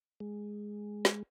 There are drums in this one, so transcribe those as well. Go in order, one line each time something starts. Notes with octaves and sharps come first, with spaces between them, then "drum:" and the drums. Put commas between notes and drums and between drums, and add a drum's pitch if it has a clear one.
G#3
drum: snare